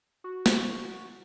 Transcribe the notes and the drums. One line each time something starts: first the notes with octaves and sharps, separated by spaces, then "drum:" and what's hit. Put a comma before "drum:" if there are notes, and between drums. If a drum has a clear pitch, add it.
F#4
drum: snare